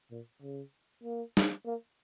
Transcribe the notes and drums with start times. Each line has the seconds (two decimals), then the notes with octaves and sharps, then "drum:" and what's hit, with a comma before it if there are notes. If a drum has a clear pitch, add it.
0.11 A#2
0.42 C#3
1.04 A#3
1.37 drum: snare
1.66 A#3